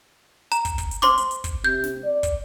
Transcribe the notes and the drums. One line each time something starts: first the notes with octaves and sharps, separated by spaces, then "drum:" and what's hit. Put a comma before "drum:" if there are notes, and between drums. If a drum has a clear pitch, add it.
A#5, drum: hi-hat
drum: kick, hi-hat
drum: kick, hi-hat
drum: hi-hat
C5 C6 D6, drum: snare
drum: hi-hat
drum: hi-hat
drum: kick, hi-hat
C3 G6
drum: snare
D5
drum: kick, hi-hat